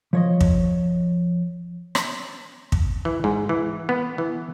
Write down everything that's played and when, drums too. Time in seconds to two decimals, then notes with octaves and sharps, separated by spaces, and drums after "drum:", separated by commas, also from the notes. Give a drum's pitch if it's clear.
0.13 F3 C#5 D#5
0.41 drum: kick
1.95 drum: rim click
2.72 drum: kick
3.05 E3
3.24 G#2
3.49 E3
3.89 B3
4.18 E3